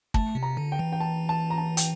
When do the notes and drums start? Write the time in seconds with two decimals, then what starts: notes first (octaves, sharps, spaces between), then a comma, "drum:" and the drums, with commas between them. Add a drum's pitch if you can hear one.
0.14 A3 A5, drum: kick
0.35 C3
0.43 A#5
0.57 D3
0.72 G5
0.79 E3
0.93 G5
1.00 A5
1.29 A5
1.50 A#5
1.58 A5
1.77 G5, drum: hi-hat